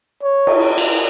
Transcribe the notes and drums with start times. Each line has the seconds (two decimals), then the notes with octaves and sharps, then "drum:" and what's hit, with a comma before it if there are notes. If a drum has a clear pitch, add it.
0.23 C#5
0.47 drum: cymbal
0.78 drum: cymbal